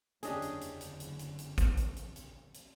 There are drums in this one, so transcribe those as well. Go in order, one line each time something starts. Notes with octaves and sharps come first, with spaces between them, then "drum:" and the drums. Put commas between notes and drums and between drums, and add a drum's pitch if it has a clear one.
F#1 E2 D3 C#4 D4 G4 G#4 D#5, drum: hi-hat
drum: hi-hat
drum: hi-hat
drum: hi-hat
drum: hi-hat
drum: hi-hat
drum: hi-hat
drum: kick G#1, hi-hat
drum: hi-hat
drum: hi-hat
drum: hi-hat
drum: hi-hat